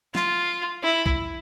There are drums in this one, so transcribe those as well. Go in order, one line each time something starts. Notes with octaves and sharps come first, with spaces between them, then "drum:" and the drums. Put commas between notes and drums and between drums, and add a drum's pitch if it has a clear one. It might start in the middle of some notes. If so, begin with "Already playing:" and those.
F4, drum: snare
E4
drum: kick